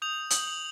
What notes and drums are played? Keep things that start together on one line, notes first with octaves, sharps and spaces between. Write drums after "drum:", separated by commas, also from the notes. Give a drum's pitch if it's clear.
D#6 G6 F7
D#6 G6 F#7, drum: hi-hat